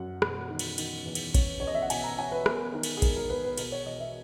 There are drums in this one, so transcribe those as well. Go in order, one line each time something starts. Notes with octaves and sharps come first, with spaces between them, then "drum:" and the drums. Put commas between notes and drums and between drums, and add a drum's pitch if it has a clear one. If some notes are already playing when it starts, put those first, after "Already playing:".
Already playing: F#2 F#5
E1, drum: rim click
D#3
drum: cymbal
D#3, drum: cymbal
E2
drum: cymbal
C#4, drum: kick A#1, cymbal
C#4 C#5
D#5
E5
F#5
B2 G#5, drum: cymbal
A#5
C#4 G#5
B4
B3 A#4, drum: rim click
D#3 A#4
drum: cymbal
G#4
G#3 A#4, drum: kick A#1, cymbal
A#4
B3 B4
B4
B2 A#4, drum: cymbal
C#5
E1 D#5
E5